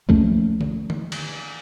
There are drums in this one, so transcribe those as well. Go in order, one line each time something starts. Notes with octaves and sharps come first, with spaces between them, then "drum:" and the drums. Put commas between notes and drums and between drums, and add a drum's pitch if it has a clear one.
F3 A3 A#3 C#4, drum: kick C2
drum: tom D3
drum: tom D3
drum: cymbal